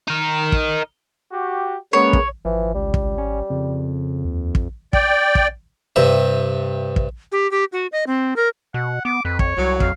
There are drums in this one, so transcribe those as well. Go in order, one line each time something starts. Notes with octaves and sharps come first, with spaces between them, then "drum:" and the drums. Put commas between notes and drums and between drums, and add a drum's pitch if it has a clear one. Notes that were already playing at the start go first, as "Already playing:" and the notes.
D#4 A#4
drum: kick
F#4 G4
G#3 A#3 B3 C#4 C#5
drum: kick
G#1 E3 F3
C#2 G3
drum: kick
C#4
F2 C#3
D#2
drum: kick
D5 G5, drum: kick
drum: kick
G2 C3 E5
drum: kick
G4
G4
F#4
D#5
C4
A#4
B2 F#5
B3 D6
F2 B4
C#5, drum: kick
C2 F#3
F2 F5, drum: kick